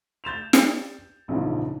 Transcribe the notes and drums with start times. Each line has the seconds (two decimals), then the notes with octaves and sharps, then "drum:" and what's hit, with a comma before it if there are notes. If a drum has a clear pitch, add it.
0.24 G6 A6 E7 F7
0.53 drum: snare
1.28 A#1 E2 G#2 C#3 E3 F3